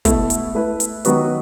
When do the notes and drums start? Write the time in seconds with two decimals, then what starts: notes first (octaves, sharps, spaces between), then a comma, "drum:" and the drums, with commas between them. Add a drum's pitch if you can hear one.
0.05 B2 A3 E4 A4, drum: kick, hi-hat
0.30 drum: hi-hat
0.55 A3 E4 B4
0.80 drum: hi-hat
1.05 D#3 F#3 B3 F#4 B4, drum: hi-hat